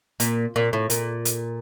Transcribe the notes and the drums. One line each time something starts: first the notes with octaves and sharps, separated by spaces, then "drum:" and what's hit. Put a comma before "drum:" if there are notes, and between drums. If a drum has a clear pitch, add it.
A#2, drum: hi-hat
A#2
A2
A#2, drum: hi-hat
drum: hi-hat